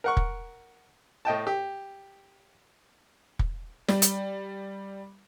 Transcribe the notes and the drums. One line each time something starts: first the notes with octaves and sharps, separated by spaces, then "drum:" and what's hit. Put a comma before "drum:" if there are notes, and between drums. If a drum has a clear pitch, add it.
A#4 F#5 C#6
drum: kick
A2 D#5 G5 A5
G4
drum: kick
G3, drum: snare
drum: hi-hat